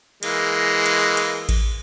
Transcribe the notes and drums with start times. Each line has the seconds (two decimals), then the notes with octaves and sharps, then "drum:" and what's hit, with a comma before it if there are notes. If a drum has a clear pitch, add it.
0.23 E3 G#3 A#3, drum: cymbal
0.86 drum: cymbal
1.17 drum: cymbal
1.49 drum: kick A1, cymbal